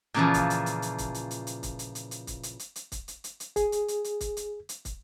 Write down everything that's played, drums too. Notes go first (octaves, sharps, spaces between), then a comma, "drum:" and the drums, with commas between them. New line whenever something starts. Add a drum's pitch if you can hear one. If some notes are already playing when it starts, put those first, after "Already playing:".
A#2 C#3 E3 F3
drum: kick, hi-hat
drum: hi-hat
drum: hi-hat
drum: hi-hat
drum: kick, hi-hat
drum: hi-hat
drum: hi-hat
drum: hi-hat
drum: kick, hi-hat
drum: hi-hat
drum: hi-hat
drum: hi-hat
drum: kick, hi-hat
drum: hi-hat
drum: hi-hat
drum: hi-hat
drum: kick, hi-hat
drum: hi-hat
drum: hi-hat
drum: hi-hat
G#4, drum: kick, hi-hat
drum: hi-hat
drum: hi-hat
drum: hi-hat
drum: kick, hi-hat
drum: hi-hat
drum: hi-hat
drum: kick, hi-hat